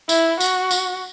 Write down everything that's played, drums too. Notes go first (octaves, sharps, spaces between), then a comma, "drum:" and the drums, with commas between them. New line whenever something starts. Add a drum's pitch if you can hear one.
E4, drum: tambourine
F#4, drum: tambourine
drum: tambourine